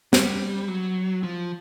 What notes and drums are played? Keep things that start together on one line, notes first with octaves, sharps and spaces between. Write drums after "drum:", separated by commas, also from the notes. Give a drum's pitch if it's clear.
G3, drum: snare
F#3
F3